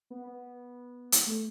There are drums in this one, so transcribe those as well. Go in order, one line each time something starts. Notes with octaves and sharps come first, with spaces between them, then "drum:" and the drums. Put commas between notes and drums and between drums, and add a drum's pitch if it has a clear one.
B3
B3
drum: hi-hat
A3